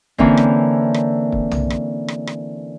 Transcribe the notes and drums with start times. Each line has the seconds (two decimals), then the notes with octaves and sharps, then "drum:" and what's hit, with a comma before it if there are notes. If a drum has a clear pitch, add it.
0.18 D3 E3 A#3 C4 C#4, drum: kick
0.37 drum: rim click
0.94 drum: rim click
1.32 drum: kick
1.51 drum: tom B1
1.70 drum: rim click
2.08 drum: rim click
2.27 drum: rim click